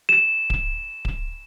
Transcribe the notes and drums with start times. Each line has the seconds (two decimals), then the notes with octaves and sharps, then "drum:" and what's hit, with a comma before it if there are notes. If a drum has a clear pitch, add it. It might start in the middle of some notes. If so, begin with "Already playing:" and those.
0.09 E7
0.50 drum: kick D1
1.05 drum: kick D1